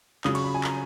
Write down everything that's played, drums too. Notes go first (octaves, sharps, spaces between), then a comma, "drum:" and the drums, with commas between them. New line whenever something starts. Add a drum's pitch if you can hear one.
C#3 F#3 D#6, drum: clap
C#6, drum: cymbal
B5
G#5
A#5, drum: clap